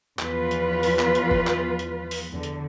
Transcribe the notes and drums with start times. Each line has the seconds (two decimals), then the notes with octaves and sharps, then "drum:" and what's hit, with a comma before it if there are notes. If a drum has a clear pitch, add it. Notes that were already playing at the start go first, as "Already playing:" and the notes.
0.19 E2 F3 F4 B4, drum: clap
0.51 drum: hi-hat
0.83 drum: open hi-hat
0.99 drum: clap
1.15 drum: hi-hat
1.31 drum: kick G1
1.47 drum: clap
1.79 drum: hi-hat
2.11 drum: open hi-hat
2.31 E2 D3
2.43 drum: hi-hat